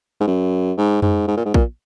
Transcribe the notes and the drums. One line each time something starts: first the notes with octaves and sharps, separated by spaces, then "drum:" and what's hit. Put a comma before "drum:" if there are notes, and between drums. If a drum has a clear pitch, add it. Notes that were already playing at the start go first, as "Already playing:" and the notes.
G#2
F#2
G#2
G#2, drum: tom F2
G#2
A#2
G#2
A#2, drum: kick